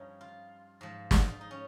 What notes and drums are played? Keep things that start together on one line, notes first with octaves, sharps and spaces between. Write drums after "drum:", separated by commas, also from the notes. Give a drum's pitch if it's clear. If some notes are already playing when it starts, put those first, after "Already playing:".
Already playing: G2 F3 C#4 D#4
F4
G#2 F3
D#4, drum: snare
F4
D#4
C#4